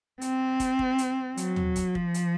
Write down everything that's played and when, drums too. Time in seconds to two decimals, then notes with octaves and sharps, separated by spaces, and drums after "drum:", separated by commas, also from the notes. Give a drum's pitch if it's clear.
0.21 C4, drum: hi-hat
0.60 drum: kick, hi-hat
0.79 drum: kick
0.98 drum: hi-hat
1.37 F#3, drum: hi-hat
1.56 drum: tom
1.76 drum: kick, hi-hat
1.95 F3, drum: kick
2.14 drum: hi-hat